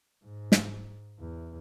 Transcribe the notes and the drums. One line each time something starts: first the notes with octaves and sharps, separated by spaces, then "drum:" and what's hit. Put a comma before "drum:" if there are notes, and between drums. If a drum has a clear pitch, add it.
G#2
drum: snare
E2